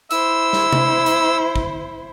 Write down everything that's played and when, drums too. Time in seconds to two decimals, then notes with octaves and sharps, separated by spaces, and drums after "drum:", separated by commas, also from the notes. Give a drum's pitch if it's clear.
0.11 E4 C5 E6, drum: hi-hat
0.53 drum: snare
0.73 drum: tom C3
1.06 drum: hi-hat
1.56 drum: kick